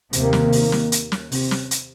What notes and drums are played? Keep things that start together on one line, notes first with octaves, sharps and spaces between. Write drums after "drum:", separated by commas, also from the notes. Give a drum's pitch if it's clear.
D#2 C3 D#3 A#3, drum: hi-hat
drum: snare
drum: open hi-hat
drum: snare
drum: hi-hat
drum: snare
C3, drum: open hi-hat
drum: snare
drum: hi-hat